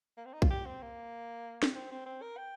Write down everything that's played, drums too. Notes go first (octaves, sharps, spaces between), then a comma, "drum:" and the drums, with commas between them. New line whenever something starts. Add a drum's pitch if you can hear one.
A#3
C4
D#4
F4, drum: kick
G4
C4
A#3
drum: snare
C4
C4
C4
A#4
G5